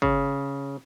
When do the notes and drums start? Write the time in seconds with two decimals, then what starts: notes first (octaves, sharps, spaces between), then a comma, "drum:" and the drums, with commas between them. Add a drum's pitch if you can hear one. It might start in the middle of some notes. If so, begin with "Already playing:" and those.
0.02 C#3, drum: kick